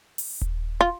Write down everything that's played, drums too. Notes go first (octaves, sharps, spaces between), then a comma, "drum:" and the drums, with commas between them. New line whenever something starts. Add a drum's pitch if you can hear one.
drum: open hi-hat
drum: kick D#1
F4